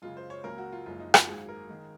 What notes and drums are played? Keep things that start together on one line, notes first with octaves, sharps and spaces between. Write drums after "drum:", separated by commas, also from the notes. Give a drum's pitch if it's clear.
F#2 C#3 G#3 F4
C5
C#5
C#2 C#3 F#3 A#3 A#4
F#4
F4
F#1 F#2 F3 G#3 F4
D#4
F4, drum: rim click
G#1 G#2 F#3 G#4
A#4
D#3 G#3